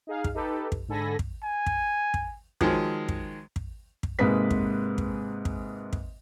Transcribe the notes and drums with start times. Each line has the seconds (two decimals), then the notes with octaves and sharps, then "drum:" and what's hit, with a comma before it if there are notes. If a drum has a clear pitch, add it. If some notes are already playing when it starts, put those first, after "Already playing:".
0.07 D#4 G#4 F5
0.24 drum: kick
0.34 D#4 G4 A4 B4
0.72 drum: kick
0.88 G#2 D3 A4 G#5 B5 A#6
1.19 drum: kick
1.43 G#5
1.66 drum: kick
2.14 drum: kick
2.61 D#3 F3 F#3 G#3, drum: kick
3.08 drum: kick
3.56 drum: kick
4.03 drum: kick
4.19 G#2 C3 G#3 A#3 B4 B6
4.51 drum: kick
4.98 drum: kick
5.45 drum: kick
5.93 drum: kick